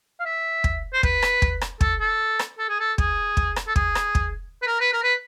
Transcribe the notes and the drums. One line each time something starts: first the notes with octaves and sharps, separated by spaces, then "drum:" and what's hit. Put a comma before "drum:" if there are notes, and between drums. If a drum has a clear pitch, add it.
F5
E5
drum: kick
C5
B4, drum: kick
drum: rim click
drum: kick
drum: rim click
A4, drum: kick
A4
drum: rim click
A4
G#4
A4
G#4, drum: kick
drum: kick
drum: rim click
A4
G#4, drum: kick
drum: rim click
drum: kick
B4
A#4
B4
A#4
B4